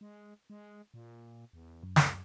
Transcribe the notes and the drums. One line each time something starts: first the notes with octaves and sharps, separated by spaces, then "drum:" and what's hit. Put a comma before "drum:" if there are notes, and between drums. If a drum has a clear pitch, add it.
G#3
G#3
A#2
E2
F#2
C#2, drum: snare